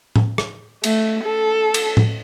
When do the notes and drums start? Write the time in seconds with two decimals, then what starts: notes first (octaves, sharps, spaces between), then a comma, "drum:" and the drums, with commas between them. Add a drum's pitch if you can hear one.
0.16 drum: tom A2
0.38 drum: rim click
0.84 A3, drum: cymbal
1.24 A4
1.74 drum: cymbal
1.97 drum: tom A2